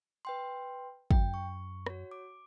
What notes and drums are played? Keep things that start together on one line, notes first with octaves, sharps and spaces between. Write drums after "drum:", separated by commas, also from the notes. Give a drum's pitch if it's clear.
B4 G5 C6
F#2 G5, drum: kick
C#6
F#4 C#5, drum: rim click
D6